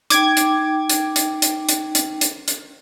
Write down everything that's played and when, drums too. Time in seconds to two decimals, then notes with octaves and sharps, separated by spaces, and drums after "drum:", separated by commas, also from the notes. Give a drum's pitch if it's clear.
0.10 D#4 G5 D6 G#6, drum: hi-hat
0.37 drum: hi-hat
0.90 drum: hi-hat
1.16 drum: hi-hat
1.42 drum: hi-hat
1.69 drum: hi-hat
1.95 drum: hi-hat
2.21 drum: hi-hat
2.48 drum: hi-hat